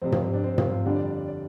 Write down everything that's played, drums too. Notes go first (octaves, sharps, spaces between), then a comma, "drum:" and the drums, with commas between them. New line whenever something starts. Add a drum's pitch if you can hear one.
F1 F2 C3 C4
C4, drum: tom
C4
D4
C4
C4, drum: tom
F4
G1 F2 D3 G3 D4
D5
D5
D5